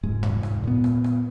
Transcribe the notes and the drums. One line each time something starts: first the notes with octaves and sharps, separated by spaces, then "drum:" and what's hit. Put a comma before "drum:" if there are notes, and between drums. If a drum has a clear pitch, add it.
F1 G#2 G#3
drum: tom
drum: rim click
A#2 B3
drum: rim click
drum: rim click